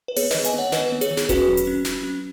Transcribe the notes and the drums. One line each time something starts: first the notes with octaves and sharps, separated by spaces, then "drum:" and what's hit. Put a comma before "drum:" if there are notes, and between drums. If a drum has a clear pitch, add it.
B4
B3 G#4 C#5, drum: open hi-hat
D#3 B4 D#5, drum: snare
D#5 G#5, drum: hi-hat
B3 C#5 F#5
D#3 B4 D#5, drum: snare
B3
G#4 C#5, drum: hi-hat
D#3
G#4, drum: snare
C#4 F#4 B4, drum: kick E1, hi-hat
F#3
drum: hi-hat
C#4
F#3, drum: snare
C#4